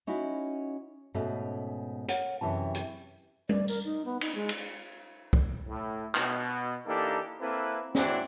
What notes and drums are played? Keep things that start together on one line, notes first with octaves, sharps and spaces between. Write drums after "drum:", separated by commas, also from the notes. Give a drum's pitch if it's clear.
C#4 D#4 E4 F#4
G#2 B2 A3 C#4
A#4 C#5 F#5, drum: hi-hat
F#2 C3 E3 A5
drum: hi-hat
D5, drum: tom
A#4, drum: tambourine
D#4
B3
D#4, drum: cymbal
G#3
drum: cymbal
drum: kick
A2
B2, drum: clap
E3 A#3 D4 D#4 G4 A4
A#3 C4 E4 A4 B4
A2 E3 F#3 C4 D4 F#4, drum: snare